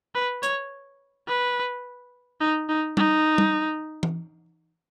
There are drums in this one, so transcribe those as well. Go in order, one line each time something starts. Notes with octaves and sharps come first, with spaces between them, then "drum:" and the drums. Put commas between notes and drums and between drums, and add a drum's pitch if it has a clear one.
B4
C#5, drum: hi-hat
B4
D#4
D#4
D#4, drum: tom G3
drum: tom G3
drum: tom E3